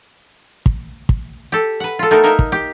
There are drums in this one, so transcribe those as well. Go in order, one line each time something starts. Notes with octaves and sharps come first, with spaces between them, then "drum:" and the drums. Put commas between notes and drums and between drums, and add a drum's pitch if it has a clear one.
drum: kick
drum: kick
G4 A4
B4 F#5
F4 A4
A3 B3 D#4 A4 A#4
A#3 D#4 A#4 D#5 E5
drum: kick
G4